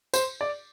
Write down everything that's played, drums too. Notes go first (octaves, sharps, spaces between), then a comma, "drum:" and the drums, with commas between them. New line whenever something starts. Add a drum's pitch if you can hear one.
C5, drum: tambourine
D5